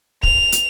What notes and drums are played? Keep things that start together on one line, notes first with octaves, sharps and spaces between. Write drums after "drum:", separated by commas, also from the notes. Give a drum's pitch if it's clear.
F7, drum: kick
drum: hi-hat